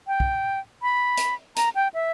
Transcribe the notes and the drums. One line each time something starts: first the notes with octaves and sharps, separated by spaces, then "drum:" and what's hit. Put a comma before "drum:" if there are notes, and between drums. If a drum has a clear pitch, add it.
G5
drum: kick
B5
drum: hi-hat
A#5, drum: hi-hat
G5
E5